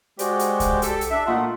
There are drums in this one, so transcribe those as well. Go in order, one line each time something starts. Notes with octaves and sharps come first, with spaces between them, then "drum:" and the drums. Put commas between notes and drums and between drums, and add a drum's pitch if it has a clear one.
G#3 F#4 G4 C5 D5, drum: hi-hat
drum: hi-hat
drum: kick C2, hi-hat
G4 A4, drum: hi-hat
drum: hi-hat
D4 E5
A#2 A3 F4 D#5 F#5